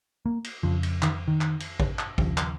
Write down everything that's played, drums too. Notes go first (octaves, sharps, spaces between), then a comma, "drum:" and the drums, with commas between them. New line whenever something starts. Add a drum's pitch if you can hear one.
A#3
drum: cymbal
F2 C#3 F3
drum: cymbal
D#3, drum: clap
D#3
drum: clap
drum: cymbal
drum: kick A1
drum: clap
D#2 C#3 F3, drum: kick A1
drum: clap